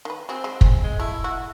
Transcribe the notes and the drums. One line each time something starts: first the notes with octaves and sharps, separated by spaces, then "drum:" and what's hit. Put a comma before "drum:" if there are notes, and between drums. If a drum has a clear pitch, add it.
D#3 B4
C4 F#4 G#4
G#3 G#4
drum: kick
G#3
A3 E4
F#4